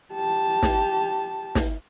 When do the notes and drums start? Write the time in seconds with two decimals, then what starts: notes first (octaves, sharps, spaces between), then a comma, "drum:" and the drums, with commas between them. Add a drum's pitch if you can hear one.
0.15 G4 A5
0.63 drum: snare
1.55 drum: snare